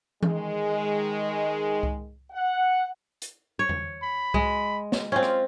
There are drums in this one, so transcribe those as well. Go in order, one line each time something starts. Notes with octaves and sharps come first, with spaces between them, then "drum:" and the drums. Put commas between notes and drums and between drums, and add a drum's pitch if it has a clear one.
D#3 G#3, drum: tom E3
drum: kick C2
F#5
drum: hi-hat
C#5
drum: tom E2
B5
G#3, drum: kick C2
drum: snare
C4 C#4 F4
drum: rim click